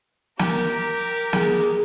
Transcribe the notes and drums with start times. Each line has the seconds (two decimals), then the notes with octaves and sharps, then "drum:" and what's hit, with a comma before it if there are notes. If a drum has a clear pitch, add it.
0.39 G4 A#4, drum: snare
1.33 G#4, drum: snare